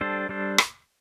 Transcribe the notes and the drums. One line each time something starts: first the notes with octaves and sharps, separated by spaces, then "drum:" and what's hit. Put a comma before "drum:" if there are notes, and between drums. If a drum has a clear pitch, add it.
G3 D4 A4 C5
G3 D4 A4 C5
drum: rim click